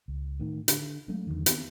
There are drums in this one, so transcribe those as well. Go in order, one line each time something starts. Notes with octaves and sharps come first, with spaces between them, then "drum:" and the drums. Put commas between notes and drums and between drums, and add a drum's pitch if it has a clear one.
C#2
A2 D#3
D3, drum: hi-hat
F#3 G#3 A3 C#4
E2 B2 D3 D#3
D#3 B3 C4, drum: hi-hat